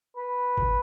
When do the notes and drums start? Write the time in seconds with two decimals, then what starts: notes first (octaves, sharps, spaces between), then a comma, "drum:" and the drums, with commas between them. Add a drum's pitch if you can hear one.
0.17 B4
0.57 drum: kick